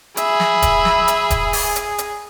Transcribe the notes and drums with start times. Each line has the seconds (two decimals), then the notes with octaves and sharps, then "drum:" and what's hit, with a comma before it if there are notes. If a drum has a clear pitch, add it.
0.17 G#4 E5 B5, drum: hi-hat
0.40 drum: snare
0.62 drum: kick D#1, hi-hat
0.85 drum: snare
1.08 drum: hi-hat
1.30 drum: kick D#1, hi-hat
1.53 drum: open hi-hat
1.76 drum: hi-hat
1.98 drum: hi-hat